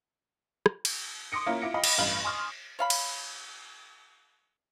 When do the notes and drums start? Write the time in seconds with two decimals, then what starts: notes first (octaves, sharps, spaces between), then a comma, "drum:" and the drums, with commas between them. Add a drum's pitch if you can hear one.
0.66 drum: rim click
0.85 drum: cymbal
1.32 C6 D6 D#6 A#6 C#7 D7
1.46 A#3 C#4 E4 F4 A#4
1.61 E4 F4 D6 A#6 C#7 D7
1.74 D#5 F5 G5 B5 D6
1.84 drum: cymbal
1.98 A1 G2 F5 B5 F#7
2.24 G#5 C6 C#6 D#6 F6
2.79 C#5 F5 B5
2.90 drum: cymbal